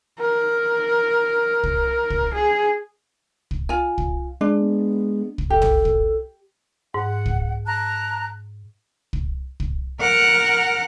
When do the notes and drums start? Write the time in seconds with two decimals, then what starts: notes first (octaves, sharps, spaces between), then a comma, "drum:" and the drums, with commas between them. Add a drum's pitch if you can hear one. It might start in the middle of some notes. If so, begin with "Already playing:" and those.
0.20 A#4
1.63 drum: kick
2.10 drum: kick
2.34 G#4
3.51 drum: kick
3.69 F4 G#5
3.98 drum: kick
4.41 G#3 D4
4.60 B3
5.38 drum: kick
5.50 F#1 G4 A4
5.62 drum: tom
5.85 drum: kick
6.94 G#2 F#5
7.26 drum: kick
7.66 A5 A#5 F#6
9.13 drum: kick
9.60 drum: kick
10.00 A#4 F#5